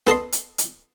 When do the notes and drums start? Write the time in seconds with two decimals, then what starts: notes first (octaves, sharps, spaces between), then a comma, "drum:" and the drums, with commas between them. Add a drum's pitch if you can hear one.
0.07 B3 A4 D#5 C6, drum: snare
0.32 drum: hi-hat
0.58 drum: hi-hat